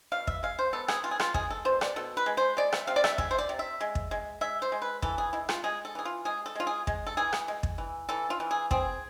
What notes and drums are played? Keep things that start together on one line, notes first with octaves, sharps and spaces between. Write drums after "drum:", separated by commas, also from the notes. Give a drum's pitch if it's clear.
B2 F5
E5, drum: kick
G#3 F5
C5
B3 A4
G#4, drum: rim click
B3 F4
G#4
F4, drum: rim click
G#3 G#4, drum: kick
A4
B2 C5
D5, drum: rim click
B2 A4
B4
G#3
C5
G#3 D5
E5, drum: rim click
C3 F5
D5
E5, drum: rim click
G#3 E5, drum: kick
C5
D5
C3
E5
G#3
drum: kick
G#3
G#3 E5
C5
G#3
B4
E3 A4, drum: kick
G#4
G#3 E4
F4, drum: rim click
G#3 G#4
A4
E3 G#4
F4
G#3 G#4
A4
G#3 F4
G#4
G#3, drum: kick
A4
E3 G#4
drum: rim click
G#3
drum: kick
E3
E3 A4
F4
E3
G#4
C4 G#4, drum: kick